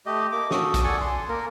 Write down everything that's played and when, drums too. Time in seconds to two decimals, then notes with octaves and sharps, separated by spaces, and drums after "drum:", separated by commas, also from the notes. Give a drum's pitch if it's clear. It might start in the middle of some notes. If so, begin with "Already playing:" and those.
0.06 A3 G4 D#5
0.32 A#3 D6
0.51 F#4 A4 D#6, drum: snare
0.74 drum: kick A#1, hi-hat
0.84 A4 D5 F#5 G#5
1.01 C6
1.29 A#3 A#4